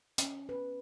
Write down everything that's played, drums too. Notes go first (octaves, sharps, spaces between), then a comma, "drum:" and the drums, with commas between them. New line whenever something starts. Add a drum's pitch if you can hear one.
C#4, drum: hi-hat
B4